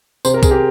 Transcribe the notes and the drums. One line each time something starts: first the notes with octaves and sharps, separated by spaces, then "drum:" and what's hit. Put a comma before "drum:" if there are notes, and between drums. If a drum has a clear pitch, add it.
C3 C5, drum: tambourine
A#4
G#4, drum: kick C2, tambourine
G4 A#4